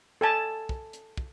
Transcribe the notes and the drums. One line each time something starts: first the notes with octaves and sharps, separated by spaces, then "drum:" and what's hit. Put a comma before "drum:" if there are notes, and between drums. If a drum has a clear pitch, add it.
A4 G#5 A5
drum: kick
drum: hi-hat
drum: kick